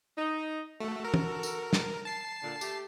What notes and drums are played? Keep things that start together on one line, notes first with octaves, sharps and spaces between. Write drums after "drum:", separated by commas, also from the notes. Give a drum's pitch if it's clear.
D#4
A3 F#4 A4
A#4
drum: tom
drum: tambourine
drum: snare
A5 C7
A#2 D3
A3 G4, drum: tambourine